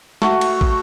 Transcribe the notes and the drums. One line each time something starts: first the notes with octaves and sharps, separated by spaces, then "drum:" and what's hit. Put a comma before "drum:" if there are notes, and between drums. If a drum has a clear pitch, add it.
A3 F#4, drum: snare
drum: cymbal
drum: kick